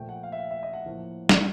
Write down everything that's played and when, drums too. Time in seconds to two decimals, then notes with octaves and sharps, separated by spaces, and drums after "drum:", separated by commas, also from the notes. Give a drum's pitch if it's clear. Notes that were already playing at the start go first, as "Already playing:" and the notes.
Already playing: A#2 F3 A3 G5
0.09 F#5
0.23 F5
0.32 E5
0.39 F5
0.51 E5
0.63 D#5
0.73 F#5
0.85 A2 F3 A#3
1.29 drum: snare